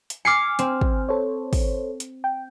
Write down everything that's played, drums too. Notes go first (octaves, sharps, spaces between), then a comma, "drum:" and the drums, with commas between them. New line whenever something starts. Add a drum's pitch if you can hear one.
drum: hi-hat
G#5 D6 F6 C7 C#7
C4, drum: hi-hat
drum: kick
A4 C5 C#5
drum: kick, open hi-hat
drum: hi-hat
G5